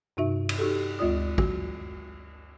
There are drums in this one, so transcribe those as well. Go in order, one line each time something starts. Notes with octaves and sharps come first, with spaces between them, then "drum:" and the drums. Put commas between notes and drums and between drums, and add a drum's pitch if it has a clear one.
G2 C3 D#4 F#4 E5
drum: cymbal
D#4 F#4 G4 A4
D2 G#3 F4 D5 D#6
F#4, drum: kick